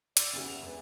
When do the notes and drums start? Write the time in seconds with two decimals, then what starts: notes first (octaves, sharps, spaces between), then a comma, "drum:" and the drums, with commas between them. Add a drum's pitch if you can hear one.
0.17 D5 E6 A6, drum: hi-hat
0.33 E2 C#3 E3 B3 C#4 G4
0.47 E7 F7
0.62 E1 B4